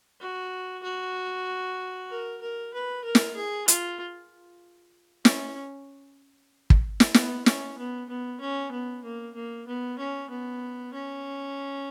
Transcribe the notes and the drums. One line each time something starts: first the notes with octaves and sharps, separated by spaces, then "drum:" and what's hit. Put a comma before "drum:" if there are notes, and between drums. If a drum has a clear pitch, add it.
F#4
F#4
A#4
A#4
B4
A#4
drum: snare
G#4
F4, drum: hi-hat
C#4, drum: snare
drum: kick
drum: snare
B3, drum: snare
C#4, drum: snare
B3
B3
C#4
B3
A#3
A#3
B3
C#4
B3
C#4